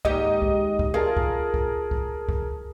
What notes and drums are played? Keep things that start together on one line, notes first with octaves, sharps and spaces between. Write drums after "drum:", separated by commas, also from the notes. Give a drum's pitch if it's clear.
D#2 G#2 G4 D#5, drum: kick C2
drum: kick C2
drum: kick C2
F4 G#4 A#4 A5
drum: kick C2
drum: kick C2
drum: kick C2
drum: kick C2